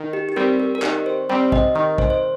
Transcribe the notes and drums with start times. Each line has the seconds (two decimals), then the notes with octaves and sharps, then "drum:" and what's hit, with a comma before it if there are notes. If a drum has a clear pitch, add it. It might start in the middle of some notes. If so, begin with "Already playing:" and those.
Already playing: D#3
0.13 G4
0.29 G4
0.36 G3 C4 A#4
0.60 A#4
0.75 A#4
0.82 D#3 G4, drum: clap
1.06 C5
1.29 G3 C4 C5
1.52 D#5, drum: kick
1.75 D#3 D#5
1.98 C5, drum: kick
2.10 C5